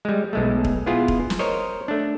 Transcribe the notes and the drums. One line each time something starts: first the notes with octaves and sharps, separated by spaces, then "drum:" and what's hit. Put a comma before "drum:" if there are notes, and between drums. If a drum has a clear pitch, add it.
G3 G#3
B1 G#3 A3
drum: kick E1
B3 E4 F4 G#4
drum: kick E1
drum: snare
A#4 C5 C#5 D#5
A3 D4